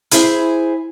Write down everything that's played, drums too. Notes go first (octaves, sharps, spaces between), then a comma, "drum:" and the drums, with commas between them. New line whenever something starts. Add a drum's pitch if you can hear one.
E4 G#4 C5 E5 F5 G#5, drum: hi-hat